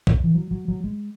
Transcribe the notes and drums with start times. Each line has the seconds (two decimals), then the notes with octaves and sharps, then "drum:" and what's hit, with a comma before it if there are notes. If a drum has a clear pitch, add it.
0.07 drum: kick
0.24 E3
0.34 F#3
0.51 F#3
0.68 F#3
0.84 G#3